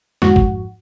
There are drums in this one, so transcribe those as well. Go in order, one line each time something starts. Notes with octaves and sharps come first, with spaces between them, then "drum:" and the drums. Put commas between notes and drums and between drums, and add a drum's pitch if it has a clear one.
F2 G#2 F#4, drum: snare
drum: kick